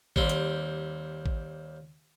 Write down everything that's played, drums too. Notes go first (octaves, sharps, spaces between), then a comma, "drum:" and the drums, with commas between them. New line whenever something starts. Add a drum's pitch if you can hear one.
D#2 G3 C4, drum: kick A1
drum: hi-hat
drum: kick A1